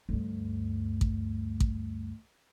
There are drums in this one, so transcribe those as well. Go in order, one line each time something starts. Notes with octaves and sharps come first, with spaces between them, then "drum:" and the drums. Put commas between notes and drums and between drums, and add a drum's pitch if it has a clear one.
D2 G2
drum: kick A1
drum: kick A1